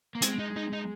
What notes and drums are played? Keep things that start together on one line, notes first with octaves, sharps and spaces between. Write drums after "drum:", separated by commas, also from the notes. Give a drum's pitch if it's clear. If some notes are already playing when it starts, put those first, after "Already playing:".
A#3
G#3 C4, drum: hi-hat
D#4
D#4
D#4